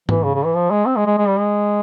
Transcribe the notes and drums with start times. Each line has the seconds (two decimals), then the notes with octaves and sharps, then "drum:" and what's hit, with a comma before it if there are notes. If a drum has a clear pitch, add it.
0.09 E3, drum: tom G#2
0.24 C#3
0.34 C#3
0.45 E3
0.55 F3
0.71 G#3
0.86 C4
0.96 G#3
1.07 G#3
1.18 G#3
1.28 G3
1.38 G#3